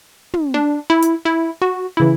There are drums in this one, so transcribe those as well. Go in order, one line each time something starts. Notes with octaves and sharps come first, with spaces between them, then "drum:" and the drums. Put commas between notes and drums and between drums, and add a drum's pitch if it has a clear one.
drum: tom
D4
E4
drum: hi-hat
E4
F#4
C#3 E3 E4